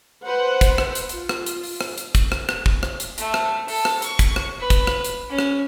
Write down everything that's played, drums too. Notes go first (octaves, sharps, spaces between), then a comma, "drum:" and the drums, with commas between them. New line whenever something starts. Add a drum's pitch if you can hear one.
B4 C5 F#5
drum: kick, hi-hat
drum: rim click
drum: hi-hat
F4, drum: hi-hat
drum: rim click
drum: hi-hat
drum: open hi-hat
drum: rim click
drum: hi-hat
drum: kick, hi-hat
drum: rim click
drum: rim click
drum: kick
drum: rim click
drum: hi-hat
A3, drum: hi-hat
drum: rim click
A4, drum: open hi-hat
drum: rim click
C#6, drum: hi-hat
drum: kick, hi-hat
drum: rim click
B4
drum: kick, hi-hat
drum: rim click
drum: hi-hat
C#4
drum: rim click